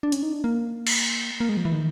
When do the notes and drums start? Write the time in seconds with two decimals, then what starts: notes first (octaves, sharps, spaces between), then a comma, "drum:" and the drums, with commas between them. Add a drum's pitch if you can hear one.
0.03 D4
0.12 C#4, drum: hi-hat
0.23 D#4
0.33 D4
0.44 A#3
0.87 drum: cymbal
1.40 A#3
1.49 G#3
1.57 F3
1.65 E3
1.72 D#3